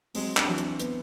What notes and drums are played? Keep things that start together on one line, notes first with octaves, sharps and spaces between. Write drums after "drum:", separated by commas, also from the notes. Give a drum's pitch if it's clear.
F#3 G#3 C4, drum: open hi-hat
D4, drum: clap
E3 F#3
C4, drum: hi-hat
B3, drum: hi-hat